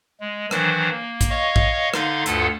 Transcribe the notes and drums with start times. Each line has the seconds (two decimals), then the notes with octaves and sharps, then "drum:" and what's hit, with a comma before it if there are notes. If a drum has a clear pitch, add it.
0.20 G#3
0.51 D#3 E3 F#3 D4 C5, drum: rim click
0.91 A#3
1.21 drum: kick, hi-hat
1.30 C#5 D#5 F5 C#6
1.56 drum: kick
1.94 D3 D#4 F5 C6, drum: rim click
2.26 D2 G2 F4 A4 F#5 A5, drum: hi-hat